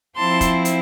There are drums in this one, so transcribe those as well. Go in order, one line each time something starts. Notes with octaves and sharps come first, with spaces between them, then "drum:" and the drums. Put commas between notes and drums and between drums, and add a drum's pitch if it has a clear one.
F3 C4 E4 A5 C6
drum: kick, hi-hat
drum: hi-hat